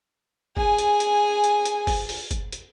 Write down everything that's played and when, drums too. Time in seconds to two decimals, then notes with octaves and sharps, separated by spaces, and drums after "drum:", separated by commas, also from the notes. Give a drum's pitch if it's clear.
0.57 G#4 G#5, drum: kick G1
0.78 drum: hi-hat
1.00 drum: hi-hat
1.44 drum: hi-hat
1.65 drum: hi-hat
1.87 drum: kick G1, open hi-hat
2.09 drum: open hi-hat
2.31 drum: kick G1, hi-hat
2.52 drum: hi-hat